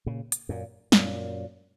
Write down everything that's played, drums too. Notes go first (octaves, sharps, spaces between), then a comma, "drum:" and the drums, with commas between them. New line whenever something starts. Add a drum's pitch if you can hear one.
A#2 C#3
drum: hi-hat
F#2 A#2
F#2 A#2, drum: snare